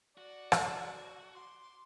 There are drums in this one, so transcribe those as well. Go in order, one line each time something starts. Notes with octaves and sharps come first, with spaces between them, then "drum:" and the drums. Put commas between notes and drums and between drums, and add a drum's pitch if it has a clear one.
F#4 D5
drum: rim click
C6 D6